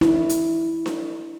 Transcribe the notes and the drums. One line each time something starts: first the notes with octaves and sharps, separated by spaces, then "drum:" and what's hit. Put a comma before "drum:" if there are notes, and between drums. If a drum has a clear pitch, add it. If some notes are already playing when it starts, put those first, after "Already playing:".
E4, drum: snare D4
drum: hi-hat
drum: snare D4